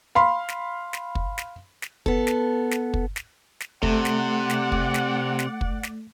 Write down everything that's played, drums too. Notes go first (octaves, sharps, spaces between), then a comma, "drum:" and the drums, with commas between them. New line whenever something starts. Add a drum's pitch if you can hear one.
F5 B5 C6
drum: snare
drum: snare
drum: kick
drum: snare
drum: snare
B3 A4, drum: kick
drum: snare
drum: snare
drum: kick
drum: snare
drum: snare
C3 A3 D5 F#5, drum: kick
drum: snare
drum: snare
drum: kick
drum: snare
drum: snare
drum: kick
drum: snare